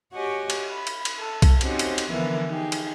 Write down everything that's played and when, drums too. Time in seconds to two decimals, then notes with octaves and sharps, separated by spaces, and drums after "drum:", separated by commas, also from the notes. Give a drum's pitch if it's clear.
0.14 F#4 G4 C#5 D#5 F#5 G#5
0.50 drum: cymbal
0.71 B5
0.87 drum: cymbal
1.05 drum: cymbal
1.18 A4
1.42 drum: kick B1, cymbal
1.61 C4 C#4 D#4 F#4 G4 C5, drum: cymbal
1.79 drum: cymbal
1.98 drum: cymbal
2.11 D3 E3 F3 B3 E4 A#4
2.49 D#4 G4 G#4
2.72 drum: cymbal